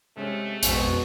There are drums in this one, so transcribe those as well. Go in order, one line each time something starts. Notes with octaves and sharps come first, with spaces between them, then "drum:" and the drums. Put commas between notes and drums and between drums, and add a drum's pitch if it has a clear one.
C3 G#3 A3 C#4
A#1 F2 B2 G#3 C4, drum: hi-hat